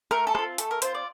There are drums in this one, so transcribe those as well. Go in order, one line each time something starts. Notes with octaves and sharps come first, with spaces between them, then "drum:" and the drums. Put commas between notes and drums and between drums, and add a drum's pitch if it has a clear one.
A3 A#4, drum: rim click
A4
C4 F4, drum: rim click
A3 A4, drum: hi-hat
A#4
C4 F4 C5, drum: hi-hat
D5